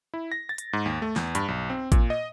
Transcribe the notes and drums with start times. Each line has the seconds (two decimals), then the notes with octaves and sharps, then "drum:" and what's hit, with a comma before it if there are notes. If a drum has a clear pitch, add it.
0.14 E4
0.32 A#6
0.49 A6
0.58 drum: hi-hat
0.73 G#2
0.86 D#2
1.02 A3
1.16 E2, drum: snare
1.35 G2, drum: hi-hat
1.48 B1
1.69 C4
1.92 A#2, drum: kick A1, hi-hat
2.10 D#5